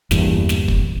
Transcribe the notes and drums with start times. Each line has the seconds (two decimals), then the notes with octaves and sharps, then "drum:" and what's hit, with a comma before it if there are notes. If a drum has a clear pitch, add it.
0.11 G1 E2 G2 A#2, drum: snare
0.49 drum: snare
0.68 drum: kick